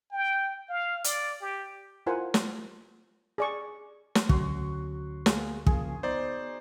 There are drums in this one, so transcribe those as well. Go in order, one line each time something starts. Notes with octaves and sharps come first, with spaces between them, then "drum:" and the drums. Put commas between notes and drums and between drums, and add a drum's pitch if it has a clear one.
G5
F5
D5, drum: hi-hat
G4
E4 F4 A#4 C5 F#5 G#5
drum: snare
G#4 D5 C#6
drum: snare
D2 F#3 C#4 F#4 C6, drum: kick
G#3 A#3 G#4, drum: snare
C#3 F3 A#3 G#4, drum: kick
B3 D#4 C5 D5